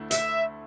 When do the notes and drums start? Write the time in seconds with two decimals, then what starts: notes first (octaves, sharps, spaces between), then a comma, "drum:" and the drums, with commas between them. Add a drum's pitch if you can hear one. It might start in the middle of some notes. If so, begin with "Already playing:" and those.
Already playing: D2 D3 A3 E4
0.11 E5, drum: hi-hat